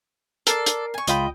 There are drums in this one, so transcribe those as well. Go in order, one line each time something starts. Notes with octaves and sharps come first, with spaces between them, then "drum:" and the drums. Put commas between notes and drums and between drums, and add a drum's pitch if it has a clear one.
A4 A#4 D5 C7, drum: hi-hat
drum: hi-hat
G#5 C#6
C#2 F4 D#5 G5 B5, drum: hi-hat